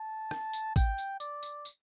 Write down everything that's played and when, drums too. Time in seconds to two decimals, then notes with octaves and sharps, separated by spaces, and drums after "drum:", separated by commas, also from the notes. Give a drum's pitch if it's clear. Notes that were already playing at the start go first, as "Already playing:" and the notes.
Already playing: A5
0.31 drum: rim click
0.53 drum: tambourine
0.76 G5, drum: kick, tambourine
0.98 drum: tambourine
1.20 D5, drum: tambourine
1.43 drum: tambourine
1.65 drum: tambourine